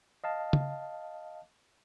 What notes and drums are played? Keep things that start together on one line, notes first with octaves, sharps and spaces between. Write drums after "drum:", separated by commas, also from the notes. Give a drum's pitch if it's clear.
D#5 F5 A5
drum: tom